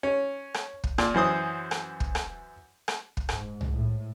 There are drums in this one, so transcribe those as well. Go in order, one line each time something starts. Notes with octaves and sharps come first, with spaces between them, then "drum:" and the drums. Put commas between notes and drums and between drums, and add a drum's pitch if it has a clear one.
C#4
drum: rim click
drum: kick
A#2, drum: rim click
F#2 E3 C5 D#6
drum: rim click
drum: kick
drum: rim click
drum: rim click
drum: kick
G#2, drum: rim click
drum: tom
A2